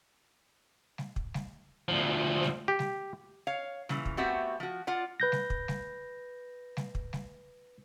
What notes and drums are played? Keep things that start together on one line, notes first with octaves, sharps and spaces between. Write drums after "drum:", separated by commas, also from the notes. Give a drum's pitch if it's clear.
drum: snare G3
drum: kick
drum: snare G3
D2 F3
drum: snare G3
G4
drum: snare G3
C#5 F5
A#2 C#3 E3, drum: snare G3
drum: kick
A3 B3 C4 F#4 G4 E5
F3 F#4
F4 D5 F#5
B4 G6 A#6
drum: snare G3
drum: kick
drum: snare G3
drum: snare G3
drum: kick
drum: snare G3